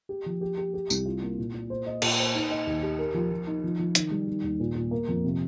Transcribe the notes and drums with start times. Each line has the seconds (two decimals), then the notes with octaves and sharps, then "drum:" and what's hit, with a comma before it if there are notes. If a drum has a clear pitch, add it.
0.09 G4
0.26 F3
0.41 G4
0.58 G4
0.74 G4
0.90 C2, drum: tambourine
1.06 F4
1.22 A#3
1.39 A#2
1.54 A#2
1.70 C5
1.86 D#5
2.02 A#2, drum: cymbal
2.19 C5
2.35 D#4
2.51 D#5
2.67 D#2
2.83 G4
2.99 A#4
3.14 F3
3.32 F3
3.47 D#4
3.64 F3
3.79 F3
3.95 D#3, drum: hi-hat
4.11 G3
4.28 D#3
4.44 D#2
4.60 A#2
4.75 A#2
4.91 A#3
5.08 F2
5.24 C3